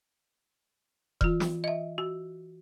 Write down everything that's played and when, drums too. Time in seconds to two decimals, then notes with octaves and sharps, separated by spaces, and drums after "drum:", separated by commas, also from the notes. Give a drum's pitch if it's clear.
1.21 E3 F4, drum: kick E1
1.40 drum: snare
1.64 D#5 E5
1.98 F#4